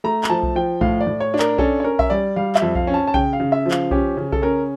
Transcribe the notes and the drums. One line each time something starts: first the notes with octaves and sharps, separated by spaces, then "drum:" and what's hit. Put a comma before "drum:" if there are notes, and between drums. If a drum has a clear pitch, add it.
A3 A#5
A#5, drum: clap
F3 A5
drum: kick B1
F3 G5
A2 F5, drum: kick B1
D5
A2
C#5
D4
A#4, drum: clap
C#4 A4, drum: kick B1
C#5
C#4 A#4
E5, drum: kick B1
G3 D5
G3 F5
E5, drum: clap
F2
F5, drum: kick B1
C#4
A5
A5
C#3 G5, drum: kick B1
F5
C#3
E5
F3
F5, drum: clap
C#4 G4, drum: kick B1
C#3
A4, drum: kick B1
C#4 A#4